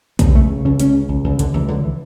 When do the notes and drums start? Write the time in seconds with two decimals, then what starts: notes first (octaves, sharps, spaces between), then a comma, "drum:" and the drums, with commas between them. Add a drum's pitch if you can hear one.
0.19 C#2 B3, drum: kick, hi-hat
0.35 C#2 A3
0.50 C#3
0.65 C#2 C#4
0.80 C#2 C#4, drum: hi-hat
0.94 C#3
1.09 C#2
1.24 C#2
1.39 C#2 D3, drum: hi-hat
1.54 C#2 E3
1.68 C#2 D3
1.84 E3